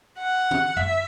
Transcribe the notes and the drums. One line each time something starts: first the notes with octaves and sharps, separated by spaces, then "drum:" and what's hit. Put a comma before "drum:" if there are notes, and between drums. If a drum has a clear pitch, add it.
F#5
drum: tom
E5, drum: tom